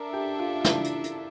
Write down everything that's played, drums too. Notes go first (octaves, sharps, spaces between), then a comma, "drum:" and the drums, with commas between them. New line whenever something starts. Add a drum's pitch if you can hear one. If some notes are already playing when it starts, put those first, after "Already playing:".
Already playing: D4 A4 A#4 E5
G4
F4
F4
E4, drum: snare
drum: hi-hat
drum: hi-hat